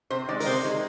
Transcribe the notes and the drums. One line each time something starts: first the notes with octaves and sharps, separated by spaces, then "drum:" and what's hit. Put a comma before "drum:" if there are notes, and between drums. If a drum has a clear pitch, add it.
C3 C5
D#3 G#3 D5
A#4, drum: open hi-hat
C3 C5
D#3 G#3